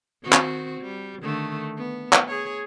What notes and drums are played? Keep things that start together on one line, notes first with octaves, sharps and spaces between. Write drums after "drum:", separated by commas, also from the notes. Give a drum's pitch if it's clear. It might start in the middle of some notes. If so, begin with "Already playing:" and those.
D#3 C4 F#4
drum: clap
G3
D3 D#3 A3
B3
drum: clap
G#4 C#5